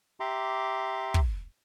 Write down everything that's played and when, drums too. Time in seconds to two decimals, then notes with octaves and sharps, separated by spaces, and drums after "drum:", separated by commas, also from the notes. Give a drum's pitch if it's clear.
0.20 G4 E5 A#5 C6 D6
1.14 drum: kick